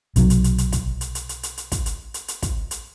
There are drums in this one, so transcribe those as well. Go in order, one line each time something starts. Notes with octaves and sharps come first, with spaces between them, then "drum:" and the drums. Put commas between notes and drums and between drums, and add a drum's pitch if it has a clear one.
B1 C3 F3 F#3, drum: hi-hat
drum: hi-hat
drum: hi-hat
drum: hi-hat
drum: kick, hi-hat
drum: hi-hat
drum: hi-hat
drum: hi-hat
drum: hi-hat
drum: hi-hat
drum: kick, hi-hat
drum: hi-hat
drum: hi-hat
drum: hi-hat
drum: kick, hi-hat
drum: hi-hat